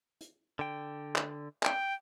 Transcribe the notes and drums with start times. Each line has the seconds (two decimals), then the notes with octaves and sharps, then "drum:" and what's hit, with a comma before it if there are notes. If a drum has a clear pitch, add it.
0.21 drum: hi-hat
0.59 D3 G5
1.16 drum: clap
1.63 G5, drum: clap